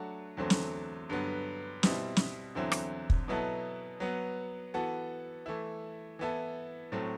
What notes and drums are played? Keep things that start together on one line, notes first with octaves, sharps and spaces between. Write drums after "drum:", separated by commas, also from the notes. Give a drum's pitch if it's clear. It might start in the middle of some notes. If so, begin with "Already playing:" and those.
Already playing: F#3 A3 D4 F#4
E2 D3 F#3 A3 C4
drum: snare
G2 D3 F#3 B3
B2 G3 C4 E4, drum: snare
drum: snare
E2 D3 F#3 C4 E4
drum: rim click
drum: kick
B2 F#3 B3 E4 A4
F#3 B3 F#4
E3 B3 F#4 A4
E3 A3 E4
E3 B3 E4 A4
A2 F#3 A3 C4